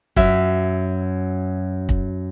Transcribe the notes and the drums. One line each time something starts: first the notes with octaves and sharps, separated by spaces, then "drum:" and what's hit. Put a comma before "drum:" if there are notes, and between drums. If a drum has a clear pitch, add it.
F#2 E5, drum: kick
drum: kick